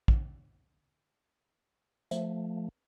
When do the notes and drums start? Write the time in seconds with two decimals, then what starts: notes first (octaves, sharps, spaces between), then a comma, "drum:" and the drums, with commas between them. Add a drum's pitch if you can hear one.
0.08 drum: kick
2.11 F3 A3, drum: hi-hat